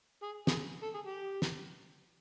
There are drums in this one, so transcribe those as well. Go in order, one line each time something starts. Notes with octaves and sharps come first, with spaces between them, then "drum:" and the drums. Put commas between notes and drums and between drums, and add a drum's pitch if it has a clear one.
G#4
G#4, drum: snare
A4
G#4
G4
drum: snare